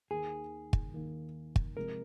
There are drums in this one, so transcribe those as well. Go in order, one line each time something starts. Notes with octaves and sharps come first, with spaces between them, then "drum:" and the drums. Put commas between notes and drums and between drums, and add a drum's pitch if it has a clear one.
D#2 D#3 A#3 G#4
drum: kick
D#2 D#3 A#3
drum: kick
C3 F3 G#3 A#4